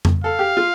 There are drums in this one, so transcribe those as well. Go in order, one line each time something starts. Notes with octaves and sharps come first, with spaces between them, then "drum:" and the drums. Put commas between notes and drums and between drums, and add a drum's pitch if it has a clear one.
drum: tom F2
A4 F5
G4
F4